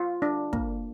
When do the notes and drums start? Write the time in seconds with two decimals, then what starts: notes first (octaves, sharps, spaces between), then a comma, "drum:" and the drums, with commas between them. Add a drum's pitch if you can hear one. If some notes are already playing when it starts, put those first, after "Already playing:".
Already playing: F4
0.22 D4
0.53 A#3, drum: kick